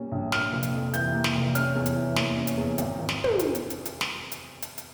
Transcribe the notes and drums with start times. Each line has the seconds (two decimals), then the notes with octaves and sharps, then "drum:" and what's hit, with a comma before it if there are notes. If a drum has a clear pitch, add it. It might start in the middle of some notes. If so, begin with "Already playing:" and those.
Already playing: A#2 G3 C#4
0.12 A#1
0.32 A#3 F6, drum: snare
0.52 F1
0.63 drum: hi-hat
0.73 F2
0.94 E3 G6, drum: hi-hat
1.14 A#3
1.24 drum: snare
1.35 F1
1.55 C#4 F6, drum: hi-hat
1.75 E2
1.86 drum: hi-hat
1.96 E3
2.16 A#3, drum: snare
2.37 C#4
2.47 drum: hi-hat
2.58 E2
2.78 G#1, drum: hi-hat
2.98 G#1
3.09 drum: snare
3.24 drum: tom
3.39 drum: hi-hat
3.55 drum: hi-hat
3.70 drum: hi-hat
3.85 drum: hi-hat
4.01 drum: snare
4.32 drum: hi-hat
4.62 drum: hi-hat
4.78 drum: hi-hat